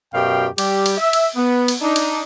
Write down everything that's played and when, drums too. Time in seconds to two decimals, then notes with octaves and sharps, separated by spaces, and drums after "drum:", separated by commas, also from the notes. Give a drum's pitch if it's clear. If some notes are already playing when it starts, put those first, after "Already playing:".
0.14 F#2 B2 G4 F5 G5
0.58 G3 G4, drum: cymbal
0.86 drum: cymbal
0.98 E5
1.13 drum: cymbal
1.36 B3
1.68 drum: cymbal
1.81 D4 D#4
1.96 drum: cymbal